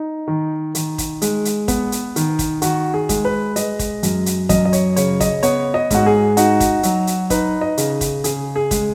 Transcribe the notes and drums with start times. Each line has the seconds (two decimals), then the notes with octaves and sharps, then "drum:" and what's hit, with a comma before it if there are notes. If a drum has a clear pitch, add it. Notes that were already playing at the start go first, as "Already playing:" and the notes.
Already playing: D#4
0.28 D#3
0.75 D#3, drum: hi-hat
0.98 drum: kick, hi-hat
1.22 G#3, drum: hi-hat
1.45 drum: hi-hat
1.68 B3, drum: kick, hi-hat
1.92 drum: hi-hat
2.16 D#3, drum: hi-hat
2.39 drum: kick, hi-hat
2.62 D#3 F#4, drum: hi-hat
2.94 G#4
3.09 G#3, drum: kick, hi-hat
3.25 B4
3.56 G#3 D#5, drum: hi-hat
3.79 drum: kick, hi-hat
4.03 F#2, drum: hi-hat
4.26 drum: hi-hat
4.49 F#2 D#5, drum: kick, hi-hat
4.65 D#5
4.73 C#5, drum: hi-hat
4.96 C#3 C#5, drum: hi-hat
5.20 D#5, drum: kick, hi-hat
5.43 B3 C#5, drum: hi-hat
5.74 D#5
5.90 G#2 F#4, drum: kick, hi-hat
6.06 G#4
6.37 D#4 F#4, drum: hi-hat
6.60 drum: kick, hi-hat
6.83 F#3, drum: hi-hat
7.07 drum: hi-hat
7.30 D#4 B4, drum: kick, hi-hat
7.61 D#5
7.78 C#3, drum: hi-hat
8.01 drum: kick, hi-hat
8.24 C#3 G#4, drum: hi-hat
8.56 G#4
8.71 G#3, drum: kick, hi-hat